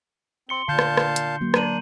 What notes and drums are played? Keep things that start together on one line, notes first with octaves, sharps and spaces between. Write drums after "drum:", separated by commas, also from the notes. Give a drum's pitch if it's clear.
C4 C6 C#7 G7
A#2 D3 F5 A5 G6 C7
drum: rim click
drum: rim click
drum: hi-hat
F#3 A#3
D4 A#5 D#7 F#7, drum: rim click